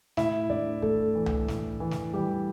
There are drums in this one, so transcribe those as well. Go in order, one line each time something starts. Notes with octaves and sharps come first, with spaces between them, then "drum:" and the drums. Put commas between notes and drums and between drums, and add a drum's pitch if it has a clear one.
A2 E4 E5, drum: snare
A2 D4 D5
A2 A3 A4, drum: kick
E3
drum: tom C2
A2, drum: snare
E3
drum: snare
E3 G3 G4